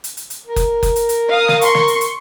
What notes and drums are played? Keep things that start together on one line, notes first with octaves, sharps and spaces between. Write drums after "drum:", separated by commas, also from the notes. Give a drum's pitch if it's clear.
drum: hi-hat
drum: hi-hat
drum: hi-hat
A#4
drum: kick F#1, hi-hat
drum: kick F#1, hi-hat
drum: hi-hat
drum: hi-hat
F5 D#6
drum: snare
C6 C#6, drum: hi-hat
drum: snare
drum: hi-hat
drum: hi-hat